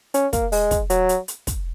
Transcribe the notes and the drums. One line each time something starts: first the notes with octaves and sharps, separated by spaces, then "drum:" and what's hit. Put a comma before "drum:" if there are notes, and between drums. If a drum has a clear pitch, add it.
C#4, drum: hi-hat
A#3, drum: kick, hi-hat
G#3, drum: open hi-hat
drum: kick, hi-hat
F#3, drum: hi-hat
drum: hi-hat
drum: hi-hat
drum: kick, hi-hat